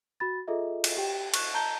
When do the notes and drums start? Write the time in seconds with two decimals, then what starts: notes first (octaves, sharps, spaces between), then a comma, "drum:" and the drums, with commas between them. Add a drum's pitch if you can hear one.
0.20 F#4 B5 A6
0.48 F4 G#4 A4 D#5 E5
0.84 drum: cymbal
0.97 G4 G5
1.34 C#6 F#6, drum: cymbal
1.54 A5 A#5 G6 G7